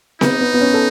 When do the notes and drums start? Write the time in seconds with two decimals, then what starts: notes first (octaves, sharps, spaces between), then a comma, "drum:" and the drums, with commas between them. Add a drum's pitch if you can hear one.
0.21 B3 D#4, drum: snare C4
0.41 B3
0.54 B3
0.61 C#4
0.74 A4